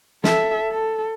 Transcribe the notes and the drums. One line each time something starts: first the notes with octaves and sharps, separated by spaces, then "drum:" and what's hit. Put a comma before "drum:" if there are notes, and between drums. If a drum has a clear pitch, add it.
A4 E5, drum: snare
A4